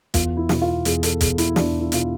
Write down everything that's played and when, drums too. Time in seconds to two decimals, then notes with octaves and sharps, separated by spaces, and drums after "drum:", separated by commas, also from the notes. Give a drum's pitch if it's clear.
0.14 E2 F4, drum: kick, hi-hat
0.37 E4
0.49 B2, drum: snare
0.62 F4
0.85 E2 G#4, drum: hi-hat
1.03 A4, drum: hi-hat
1.21 B2 G#4, drum: kick, hi-hat
1.38 E4, drum: hi-hat
1.56 E2 D4, drum: snare
1.80 E4
1.92 B2 F4, drum: hi-hat